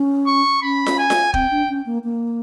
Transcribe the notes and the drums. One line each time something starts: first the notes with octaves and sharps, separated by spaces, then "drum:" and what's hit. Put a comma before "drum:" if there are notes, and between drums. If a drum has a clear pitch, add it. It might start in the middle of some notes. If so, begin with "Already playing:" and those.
Already playing: C#4
C#6
C#4 B5
drum: snare F4
G#5
drum: snare F4
C4 G5, drum: kick
D4
C#4
A#3
A#3